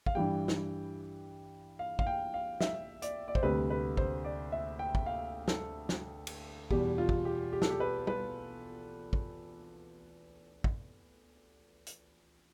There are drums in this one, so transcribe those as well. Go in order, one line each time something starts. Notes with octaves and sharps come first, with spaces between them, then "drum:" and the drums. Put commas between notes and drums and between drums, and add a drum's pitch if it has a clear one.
F5, drum: kick
G2 E3 G3 G5
drum: snare
F5
F5, drum: kick
G5
F5
E5, drum: snare
D5, drum: hi-hat
D5
C5, drum: kick
D2 C3 G3 B4
B4
C5, drum: kick
D5
E5
G5
drum: kick
F5
A4, drum: snare
drum: snare
drum: cymbal
E2 B2 G3 G4, drum: kick
F4
drum: kick
G4
G4
A4, drum: snare
G4
B4
B4, drum: tom G3
drum: kick
drum: kick
drum: hi-hat